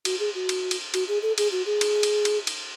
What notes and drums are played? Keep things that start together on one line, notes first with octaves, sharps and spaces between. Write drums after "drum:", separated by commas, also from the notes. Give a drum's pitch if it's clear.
F#4, drum: cymbal
G#4
F#4
drum: cymbal
drum: cymbal
F#4, drum: cymbal
G#4
A4
G#4, drum: cymbal
F#4
G#4
drum: cymbal
drum: cymbal
drum: cymbal
drum: cymbal